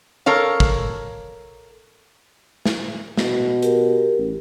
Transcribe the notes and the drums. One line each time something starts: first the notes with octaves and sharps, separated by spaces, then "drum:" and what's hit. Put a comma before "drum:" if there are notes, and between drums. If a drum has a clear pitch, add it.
A4 A#4 C#5 F5
drum: kick
drum: snare
B2, drum: snare
G4 A#4, drum: hi-hat
A1